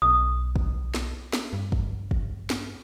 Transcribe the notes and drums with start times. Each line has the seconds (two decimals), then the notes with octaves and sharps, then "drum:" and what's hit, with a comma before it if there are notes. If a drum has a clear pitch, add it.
0.02 B1 D#6
0.56 drum: kick
0.94 drum: snare
1.33 drum: snare
1.53 G2
1.72 drum: kick
2.11 drum: kick
2.50 drum: snare